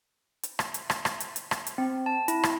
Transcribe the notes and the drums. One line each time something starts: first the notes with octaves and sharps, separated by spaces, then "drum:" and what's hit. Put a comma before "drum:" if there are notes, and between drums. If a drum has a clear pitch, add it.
drum: hi-hat
drum: rim click
drum: hi-hat
drum: rim click
drum: rim click
drum: hi-hat
drum: hi-hat
drum: rim click
drum: hi-hat
C4
A5
E4, drum: hi-hat
drum: rim click